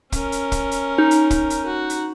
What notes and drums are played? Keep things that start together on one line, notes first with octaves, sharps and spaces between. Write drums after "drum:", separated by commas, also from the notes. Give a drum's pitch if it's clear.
C#4 A#4, drum: kick, hi-hat
drum: hi-hat
drum: kick, hi-hat
drum: hi-hat
D#4
drum: hi-hat
drum: kick, hi-hat
drum: hi-hat
F#4
drum: hi-hat